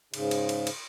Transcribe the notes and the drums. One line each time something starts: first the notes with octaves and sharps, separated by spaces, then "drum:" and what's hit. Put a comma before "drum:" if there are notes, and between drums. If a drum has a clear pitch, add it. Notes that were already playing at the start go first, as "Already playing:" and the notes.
G#2 C#3, drum: cymbal
drum: cymbal
drum: cymbal
drum: cymbal